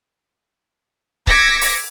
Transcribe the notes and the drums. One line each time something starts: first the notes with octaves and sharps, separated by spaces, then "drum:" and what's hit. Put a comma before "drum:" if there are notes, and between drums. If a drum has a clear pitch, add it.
D6 E6 G#6 A#6 B6 C#7, drum: kick C#1
drum: open hi-hat